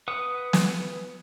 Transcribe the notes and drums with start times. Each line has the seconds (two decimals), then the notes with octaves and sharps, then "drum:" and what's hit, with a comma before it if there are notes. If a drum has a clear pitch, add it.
0.08 B4 F#5 D#6
0.53 drum: snare